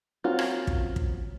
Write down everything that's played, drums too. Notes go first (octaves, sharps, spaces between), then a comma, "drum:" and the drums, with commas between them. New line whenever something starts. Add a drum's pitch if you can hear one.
A#3 C4 C#4 F4 F#4
drum: rim click
drum: kick
drum: kick